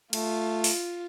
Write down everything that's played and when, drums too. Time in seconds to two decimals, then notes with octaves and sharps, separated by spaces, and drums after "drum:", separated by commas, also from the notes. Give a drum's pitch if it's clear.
0.13 A3 F4, drum: cymbal
0.64 drum: open hi-hat